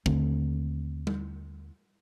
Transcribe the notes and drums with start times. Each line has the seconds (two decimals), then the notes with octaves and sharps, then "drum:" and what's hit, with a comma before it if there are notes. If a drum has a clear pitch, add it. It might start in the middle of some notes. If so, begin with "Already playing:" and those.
0.06 D#2 D3 A3 C4, drum: kick
1.07 drum: tom G3